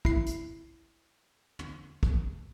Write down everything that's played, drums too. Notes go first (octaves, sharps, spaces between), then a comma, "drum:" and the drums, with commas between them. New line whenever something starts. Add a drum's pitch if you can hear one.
E4 C7, drum: kick
drum: hi-hat
drum: tom
drum: kick